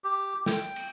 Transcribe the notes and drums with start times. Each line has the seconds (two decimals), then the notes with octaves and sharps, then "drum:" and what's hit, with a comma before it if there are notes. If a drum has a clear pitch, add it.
0.04 G4
0.46 G5, drum: snare
0.76 drum: cymbal